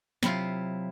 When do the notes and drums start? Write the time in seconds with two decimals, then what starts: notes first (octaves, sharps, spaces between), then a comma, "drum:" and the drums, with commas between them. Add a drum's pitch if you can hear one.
0.23 C3 F#3 E4 F4, drum: snare